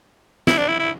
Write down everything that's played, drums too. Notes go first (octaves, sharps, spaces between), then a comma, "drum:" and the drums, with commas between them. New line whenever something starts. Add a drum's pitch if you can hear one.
E4, drum: snare
D4
E4
E4